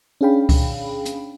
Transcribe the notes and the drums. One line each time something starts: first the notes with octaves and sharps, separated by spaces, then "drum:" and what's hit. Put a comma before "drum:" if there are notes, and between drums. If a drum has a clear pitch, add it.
C#4 D4 G#4 F5 G5 B5
drum: kick C#2, open hi-hat
drum: hi-hat